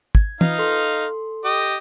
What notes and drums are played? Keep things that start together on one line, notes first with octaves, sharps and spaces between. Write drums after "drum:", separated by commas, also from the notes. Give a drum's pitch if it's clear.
G#6, drum: kick
D#4 F4 B4 F5 D#6, drum: tom
A4 C6
G4 D#5